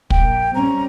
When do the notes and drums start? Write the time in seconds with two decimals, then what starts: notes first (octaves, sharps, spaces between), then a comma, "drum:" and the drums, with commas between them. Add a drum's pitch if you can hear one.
0.10 A#1 A#3 G5, drum: kick
0.55 G3 C4 C#4 A#5